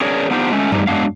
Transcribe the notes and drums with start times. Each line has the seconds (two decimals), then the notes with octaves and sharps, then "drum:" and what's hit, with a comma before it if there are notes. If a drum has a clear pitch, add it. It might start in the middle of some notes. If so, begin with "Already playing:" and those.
0.01 C#4 D4 G#4 A#4 C#5 D5
0.31 B3 D4 D#4 F4 G4 C5
0.52 G#3 A3 C#4
0.72 G3 A3 D#4 G4, drum: tom F#2
0.87 F#3 G#3 B3 D4 F5